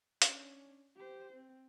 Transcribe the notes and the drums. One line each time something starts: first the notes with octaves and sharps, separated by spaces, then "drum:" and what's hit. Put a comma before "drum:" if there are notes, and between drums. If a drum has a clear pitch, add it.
C#4 D4, drum: hi-hat
G4 C5
C4